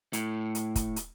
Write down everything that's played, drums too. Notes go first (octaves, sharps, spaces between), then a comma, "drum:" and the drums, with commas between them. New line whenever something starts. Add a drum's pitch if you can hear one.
A2, drum: hi-hat
drum: hi-hat
drum: kick, hi-hat
drum: hi-hat